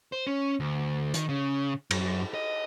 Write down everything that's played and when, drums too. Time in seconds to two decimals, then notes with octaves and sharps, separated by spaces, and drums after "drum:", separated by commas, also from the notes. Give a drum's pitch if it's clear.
0.12 C5
0.27 C#4
0.60 D2
1.14 D#3, drum: hi-hat
1.29 C#3
1.91 F#2, drum: cymbal
2.34 D#5